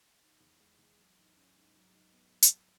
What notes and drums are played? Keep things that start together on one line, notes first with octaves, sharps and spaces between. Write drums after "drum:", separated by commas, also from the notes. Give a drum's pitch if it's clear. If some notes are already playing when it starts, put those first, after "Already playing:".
D#3
E2
G#3
E2
F#3
G#2
C#4
G#2
F#3
G#2
B3
drum: hi-hat